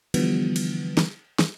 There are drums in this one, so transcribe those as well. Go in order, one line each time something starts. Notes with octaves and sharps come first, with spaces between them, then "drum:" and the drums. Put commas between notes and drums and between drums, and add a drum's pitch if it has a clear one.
D3 E3 F3 G3 B3, drum: cymbal
drum: cymbal
drum: snare
drum: snare